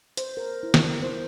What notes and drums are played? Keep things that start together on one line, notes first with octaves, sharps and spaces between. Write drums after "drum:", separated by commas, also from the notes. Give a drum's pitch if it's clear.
C5, drum: hi-hat
A#4
E4
drum: snare
C5